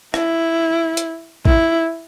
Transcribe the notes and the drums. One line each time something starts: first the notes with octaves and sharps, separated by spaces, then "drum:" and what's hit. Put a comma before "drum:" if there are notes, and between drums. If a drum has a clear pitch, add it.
E4, drum: rim click
drum: hi-hat
E4, drum: kick